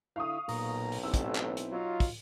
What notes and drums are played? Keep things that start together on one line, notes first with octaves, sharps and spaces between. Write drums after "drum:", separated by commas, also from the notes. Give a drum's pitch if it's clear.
D3 E4 F5 C#6 D#6
B1 A#2 A#5, drum: open hi-hat
drum: open hi-hat
A1 C4 E4 E6
drum: kick, hi-hat
drum: clap
drum: hi-hat
F#3 D#4 F4
drum: kick, open hi-hat